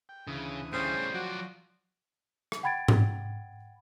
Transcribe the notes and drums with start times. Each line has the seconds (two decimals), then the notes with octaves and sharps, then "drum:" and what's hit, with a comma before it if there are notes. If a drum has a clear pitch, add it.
0.09 G5
0.27 D2 C#3 E3 D#6
0.73 A2 C#3 G3 C#4 C5
1.14 F3 F#3 F#4 D5
2.52 drum: rim click
2.63 F#5 G5 B5 G#6 A6 D7
2.88 drum: tom G#2